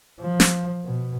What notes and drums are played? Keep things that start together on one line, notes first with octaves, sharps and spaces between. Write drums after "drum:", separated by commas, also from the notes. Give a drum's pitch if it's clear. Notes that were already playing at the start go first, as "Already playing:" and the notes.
F3
drum: snare
B2